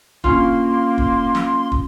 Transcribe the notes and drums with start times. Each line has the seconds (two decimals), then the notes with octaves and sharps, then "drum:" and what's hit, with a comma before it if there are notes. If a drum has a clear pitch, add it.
0.24 A#3 C#4 F4 C6, drum: kick
0.98 drum: kick
1.35 drum: snare
1.72 drum: kick